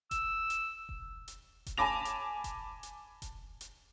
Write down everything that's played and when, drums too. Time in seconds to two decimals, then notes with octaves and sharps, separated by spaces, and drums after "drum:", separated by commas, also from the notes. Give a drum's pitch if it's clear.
0.11 E6, drum: kick E1, hi-hat
0.50 drum: hi-hat
0.89 drum: kick E1
1.28 drum: hi-hat
1.66 drum: kick E1, hi-hat
1.78 G#5 A5 B5 D6 A#6 F7
2.05 drum: hi-hat
2.44 drum: kick E1, hi-hat
2.83 drum: hi-hat
3.22 drum: kick E1, hi-hat
3.61 drum: hi-hat